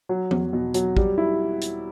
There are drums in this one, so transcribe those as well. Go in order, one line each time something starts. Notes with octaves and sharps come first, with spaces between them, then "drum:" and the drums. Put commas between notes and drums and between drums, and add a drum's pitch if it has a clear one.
F#3
E2, drum: tom F3
B2
F#3, drum: hi-hat
G3, drum: kick
E4
drum: hi-hat